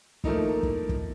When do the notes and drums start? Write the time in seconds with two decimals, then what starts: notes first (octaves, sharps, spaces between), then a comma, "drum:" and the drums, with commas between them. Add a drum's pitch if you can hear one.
0.24 F3 A3 A#3 D#4 E4, drum: kick
0.63 drum: kick
0.89 drum: kick